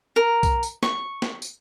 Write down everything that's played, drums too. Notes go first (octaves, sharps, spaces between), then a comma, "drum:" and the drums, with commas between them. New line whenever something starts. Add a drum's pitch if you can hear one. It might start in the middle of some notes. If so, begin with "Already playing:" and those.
A#4
drum: kick B1, tambourine
drum: tambourine
C#6, drum: snare
drum: snare
drum: tambourine